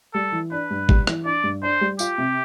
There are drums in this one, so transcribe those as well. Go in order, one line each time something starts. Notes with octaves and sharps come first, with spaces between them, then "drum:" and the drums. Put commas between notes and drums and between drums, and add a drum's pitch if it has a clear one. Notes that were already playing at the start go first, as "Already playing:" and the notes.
G3 A4
E3
D4 B4
G2
G3, drum: kick G#1
E3, drum: rim click
D4 D5
G2
D4 C5
G3
F4 G4, drum: tambourine
C3